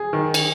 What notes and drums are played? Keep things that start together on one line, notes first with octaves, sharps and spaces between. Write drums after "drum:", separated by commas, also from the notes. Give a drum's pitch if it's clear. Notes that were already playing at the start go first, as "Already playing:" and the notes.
Already playing: G#4
D#3
drum: cymbal